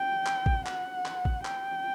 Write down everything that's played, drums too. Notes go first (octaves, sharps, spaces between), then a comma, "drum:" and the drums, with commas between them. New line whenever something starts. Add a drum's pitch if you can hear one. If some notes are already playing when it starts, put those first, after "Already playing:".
Already playing: G5
drum: clap
drum: kick A1
F#5, drum: clap
drum: clap
drum: kick A1
G5, drum: clap